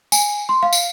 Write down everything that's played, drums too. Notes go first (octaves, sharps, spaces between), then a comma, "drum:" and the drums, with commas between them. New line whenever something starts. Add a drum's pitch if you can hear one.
G#5, drum: tambourine
C6
F5
drum: tambourine